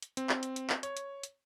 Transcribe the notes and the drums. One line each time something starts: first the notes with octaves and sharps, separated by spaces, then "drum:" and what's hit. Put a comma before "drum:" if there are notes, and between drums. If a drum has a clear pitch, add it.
drum: hi-hat
C4, drum: hi-hat
drum: clap
drum: hi-hat
drum: hi-hat
drum: clap
C#5, drum: hi-hat
drum: hi-hat
drum: hi-hat